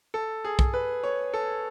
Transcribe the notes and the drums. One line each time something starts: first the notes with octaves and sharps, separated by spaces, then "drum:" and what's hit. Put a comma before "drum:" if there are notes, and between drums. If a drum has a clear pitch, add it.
A4
G#4
drum: kick
B4
C#5
A4